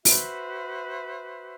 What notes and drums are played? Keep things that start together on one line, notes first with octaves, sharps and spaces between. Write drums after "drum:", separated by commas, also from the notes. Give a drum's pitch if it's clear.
F#4 B4 C5 E5, drum: open hi-hat